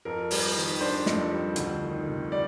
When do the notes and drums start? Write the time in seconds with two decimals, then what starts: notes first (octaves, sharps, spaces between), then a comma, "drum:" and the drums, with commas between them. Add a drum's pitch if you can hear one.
0.05 F2 A#4
0.31 G3, drum: open hi-hat
0.56 D#3
0.80 D4 C5
1.06 F2, drum: snare
1.31 G3
1.56 D2, drum: hi-hat
1.82 D#3
2.07 C3
2.32 G3 D5